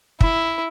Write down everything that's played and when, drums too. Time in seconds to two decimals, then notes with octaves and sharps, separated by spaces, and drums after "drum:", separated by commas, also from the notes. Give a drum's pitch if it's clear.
0.21 E4, drum: kick